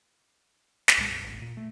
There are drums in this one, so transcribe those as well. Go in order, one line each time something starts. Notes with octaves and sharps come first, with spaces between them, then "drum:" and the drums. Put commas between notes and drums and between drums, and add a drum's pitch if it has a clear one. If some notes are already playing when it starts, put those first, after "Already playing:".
drum: snare
C2 A#2 G#3
F#2
E1 A1
A#2
A3